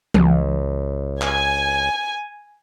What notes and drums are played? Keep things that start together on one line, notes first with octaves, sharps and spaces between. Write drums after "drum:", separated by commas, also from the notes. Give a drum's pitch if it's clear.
C#2, drum: tom E3
G#5, drum: clap